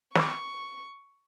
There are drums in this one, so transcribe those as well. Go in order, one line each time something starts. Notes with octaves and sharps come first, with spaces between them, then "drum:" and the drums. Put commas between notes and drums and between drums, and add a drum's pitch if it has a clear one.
B5 C#6 D6, drum: snare